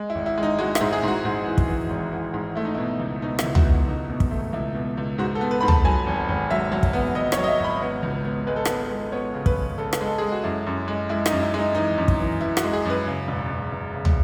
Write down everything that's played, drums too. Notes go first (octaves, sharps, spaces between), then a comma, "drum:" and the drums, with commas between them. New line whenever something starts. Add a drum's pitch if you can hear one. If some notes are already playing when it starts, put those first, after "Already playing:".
Already playing: G#3
E4
G#1
E4
G#3
D#4
G#3 F#4
E4, drum: rim click
G#2
G#4
G#2 F#4
G#2
E3
drum: kick
E3
G#1
E3
G#2
A3 E4
D#4
B2 E4
C#2
B2 D#4
E4, drum: rim click
C#2
F#4, drum: tom
B2
C#2 D#4
B2
drum: kick
A3
C#2 E4
B2
C#2
G#2 F#4
A4
B3
B4
G#2 B5
A5, drum: tom
F#3 G#5
G#1
G#1
F#3 E5
F#3
drum: kick
B3
B3 D#5
C#5, drum: rim click
F#3
D#5
E5
G#1 B5
B3
C#2
B3
G#3 B4
A4
B3 B4, drum: rim click
G#3
B3 C#5
C#3
B4, drum: kick
C#3
C#3 A4
B4, drum: rim click
G#3
A4
G#3 G#4
F#4
F#2 E4
F#2
G#3
G#3 E4
D#4, drum: rim click
F#2
E4
G#3
D#4
E3 D#4
F#2
drum: kick
E3
E3 E4
F#4, drum: rim click
G#3
G#4
F#2 B4
C#3
E1
E1
E1
C#3
drum: tom